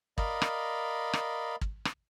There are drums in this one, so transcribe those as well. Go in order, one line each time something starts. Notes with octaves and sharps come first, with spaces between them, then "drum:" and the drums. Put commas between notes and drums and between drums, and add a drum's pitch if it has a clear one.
A#4 D5 D#5 F5 B5, drum: kick
drum: rim click
drum: rim click
drum: kick
drum: rim click